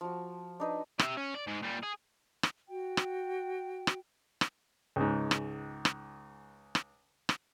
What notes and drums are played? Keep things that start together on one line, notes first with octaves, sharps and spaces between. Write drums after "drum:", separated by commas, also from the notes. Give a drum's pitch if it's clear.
F3 F#4
D4 D#4 B4
G4 E5, drum: rim click
C#4
D5
G#2 G#3
A#2 G3
G#4
drum: rim click
F#4 G5
drum: rim click
drum: rim click
drum: rim click
C#2 G#2
drum: rim click
drum: rim click
drum: rim click
drum: rim click